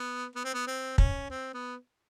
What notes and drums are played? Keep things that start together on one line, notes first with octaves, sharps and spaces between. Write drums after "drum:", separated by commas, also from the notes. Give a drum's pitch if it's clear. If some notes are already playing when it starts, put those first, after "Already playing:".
Already playing: B3
B3
C4
B3
C4
C#4, drum: kick
C4
B3